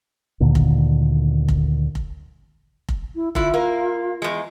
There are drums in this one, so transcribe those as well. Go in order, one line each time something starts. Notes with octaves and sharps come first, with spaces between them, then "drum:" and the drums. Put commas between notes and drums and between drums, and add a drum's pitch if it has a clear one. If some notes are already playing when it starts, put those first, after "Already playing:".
D2 A#2 D3 D#3
drum: kick F1
drum: kick F1
drum: kick F1
drum: kick F1
E4
D3 E4 F4, drum: kick F1
A#3
E2 G#3